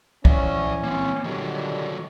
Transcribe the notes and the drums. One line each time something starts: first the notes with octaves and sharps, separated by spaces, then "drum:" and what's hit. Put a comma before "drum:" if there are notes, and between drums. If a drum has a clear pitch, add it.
E3 C#4 D5 E5, drum: kick
A#3 C4
A#2 D3 D#3 F#3 G3